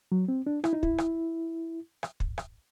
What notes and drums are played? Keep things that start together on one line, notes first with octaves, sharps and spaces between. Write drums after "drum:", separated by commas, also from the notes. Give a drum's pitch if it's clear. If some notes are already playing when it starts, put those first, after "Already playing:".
F#3
C4
D4
E4, drum: rim click
D#4
E4, drum: kick
drum: rim click
drum: rim click
drum: kick
drum: rim click